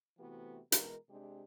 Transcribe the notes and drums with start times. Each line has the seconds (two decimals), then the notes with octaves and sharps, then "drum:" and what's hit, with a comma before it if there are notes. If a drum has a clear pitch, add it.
0.19 C3 E3 A3 B3 F#4 G4
0.72 B2 E3 G#3 A#4, drum: hi-hat
1.09 C3 G#3 D4 G4